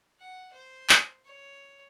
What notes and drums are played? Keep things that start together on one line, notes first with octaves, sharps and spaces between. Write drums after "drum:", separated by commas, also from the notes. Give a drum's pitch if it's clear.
F#5
C5
drum: clap
C#5